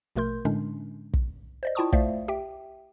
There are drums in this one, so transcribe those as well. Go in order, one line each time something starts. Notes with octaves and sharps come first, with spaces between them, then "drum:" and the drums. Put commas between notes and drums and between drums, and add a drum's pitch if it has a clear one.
A#1 B2 A3 A#4 C6 G6
A2 D3 G#3 C#4 D4
drum: kick
C5 D5 D#5
E4 F4 G5 A5 C#6 D#6
A3 C5 D5 E5 F5, drum: kick
G4 E5 G5